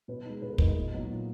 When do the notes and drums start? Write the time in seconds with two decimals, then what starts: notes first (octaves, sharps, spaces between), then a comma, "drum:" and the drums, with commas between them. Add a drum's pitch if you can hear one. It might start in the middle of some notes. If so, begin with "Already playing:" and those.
0.08 B2 B4
0.25 G#3 D#4
0.42 B2 B4
0.50 A#4
0.58 G#3 D#4 B4, drum: kick
0.68 D#5
0.76 A#2
0.92 F#3 B3 D#4
1.08 A#2